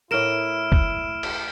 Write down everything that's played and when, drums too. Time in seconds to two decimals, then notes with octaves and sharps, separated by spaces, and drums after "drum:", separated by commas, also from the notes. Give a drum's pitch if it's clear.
0.11 A2 E4 A#4 F6 D7 E7
0.72 drum: kick
1.23 drum: cymbal